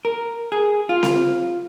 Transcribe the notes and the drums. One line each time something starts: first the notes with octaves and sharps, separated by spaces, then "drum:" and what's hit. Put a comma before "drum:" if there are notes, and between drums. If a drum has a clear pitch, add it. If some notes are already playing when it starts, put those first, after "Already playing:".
A#4
G#4
F4
drum: snare C4